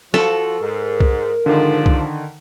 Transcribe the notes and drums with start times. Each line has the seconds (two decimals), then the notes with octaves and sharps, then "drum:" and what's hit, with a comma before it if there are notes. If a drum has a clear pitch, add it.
0.14 F3 F#4 A4, drum: snare
0.61 G#2 A#4
1.00 drum: kick C2
1.46 G#2 D3 D#3 F3 D4
1.86 drum: kick C2